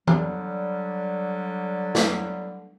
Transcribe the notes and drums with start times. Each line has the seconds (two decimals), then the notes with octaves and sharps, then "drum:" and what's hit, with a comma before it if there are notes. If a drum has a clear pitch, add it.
0.07 D3 F#3 G3, drum: tom E3
1.95 drum: snare